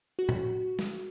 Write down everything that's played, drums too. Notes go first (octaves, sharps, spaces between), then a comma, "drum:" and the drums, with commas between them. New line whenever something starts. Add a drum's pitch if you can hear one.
F#4
drum: tom A2
drum: snare